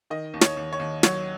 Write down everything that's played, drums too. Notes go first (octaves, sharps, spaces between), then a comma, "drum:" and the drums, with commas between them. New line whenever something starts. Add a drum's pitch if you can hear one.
D#3 D#5
D#2
C#5, drum: snare
D#2
C#5
D#2
F#3 C#5, drum: snare